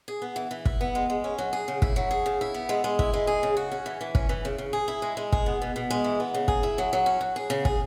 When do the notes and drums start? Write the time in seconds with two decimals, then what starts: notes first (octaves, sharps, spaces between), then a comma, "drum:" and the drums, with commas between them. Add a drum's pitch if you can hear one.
0.08 G#4
0.22 B3
0.36 E3
0.51 E3
0.65 E4, drum: kick
0.81 B3
0.95 G#3
1.10 G#3
1.24 C#4
1.38 F#3
1.53 G#4
1.68 C#3
1.82 E4, drum: kick
1.96 F#3
2.11 G#4
2.26 C#3
2.41 E4
2.54 B3
2.69 G#3
2.84 G#3
2.99 E4, drum: kick
3.14 G#3
3.27 G#4
3.43 C#3
3.57 F#4
3.72 C#4
3.86 E3
4.01 E3
4.15 C#4, drum: kick
4.29 E3
4.45 C#3
4.58 C#3
4.73 G#4
4.88 E4
5.02 G#3
5.17 G#3
5.32 G#4, drum: kick
5.46 B3
5.62 B2
5.76 B2
5.90 G#3
6.04 E3
6.20 B3
6.34 C#3
6.48 G#4, drum: kick
6.63 E4
6.78 F#3
6.93 F#3
7.06 C#4
7.21 F#3
7.36 G#4
7.50 C#3
7.65 G#4, drum: kick